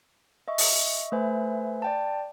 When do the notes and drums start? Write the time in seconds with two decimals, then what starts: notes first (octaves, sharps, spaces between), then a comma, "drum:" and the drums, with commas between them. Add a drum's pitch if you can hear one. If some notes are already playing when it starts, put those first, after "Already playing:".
0.48 D#5 E5 C#6
0.58 drum: open hi-hat
1.12 A3 B4 C5 E5 G#5
1.82 D5 G5 A5